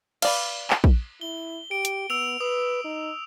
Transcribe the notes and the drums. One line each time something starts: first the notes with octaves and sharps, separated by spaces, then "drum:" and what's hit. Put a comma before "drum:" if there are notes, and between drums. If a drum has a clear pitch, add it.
B4 D5 F5, drum: cymbal
drum: clap
drum: kick
E4 G7
G4 D7
drum: hi-hat
B3 E6 D7 F7
B4 D#6
D#4